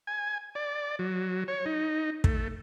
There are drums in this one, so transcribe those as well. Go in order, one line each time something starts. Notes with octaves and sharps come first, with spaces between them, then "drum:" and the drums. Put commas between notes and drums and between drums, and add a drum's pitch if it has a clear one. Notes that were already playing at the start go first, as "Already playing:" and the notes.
G#5
D5
F#3
C#5
D#4
A3, drum: kick